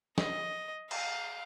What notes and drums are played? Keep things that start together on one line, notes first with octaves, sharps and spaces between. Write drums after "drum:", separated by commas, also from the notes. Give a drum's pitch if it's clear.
D#5, drum: snare
F5, drum: cymbal